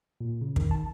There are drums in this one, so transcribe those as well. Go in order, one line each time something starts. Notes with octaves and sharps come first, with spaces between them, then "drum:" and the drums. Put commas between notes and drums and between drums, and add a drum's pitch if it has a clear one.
A#2
C#3
D#3, drum: kick
A5